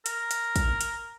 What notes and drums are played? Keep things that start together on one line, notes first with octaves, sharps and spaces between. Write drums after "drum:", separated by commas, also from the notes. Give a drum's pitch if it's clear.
A#4, drum: hi-hat
drum: hi-hat
drum: kick, hi-hat
drum: hi-hat